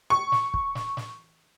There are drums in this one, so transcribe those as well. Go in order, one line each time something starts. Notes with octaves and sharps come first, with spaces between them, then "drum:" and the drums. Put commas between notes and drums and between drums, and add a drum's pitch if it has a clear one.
C#6
drum: snare
drum: kick
drum: snare
drum: snare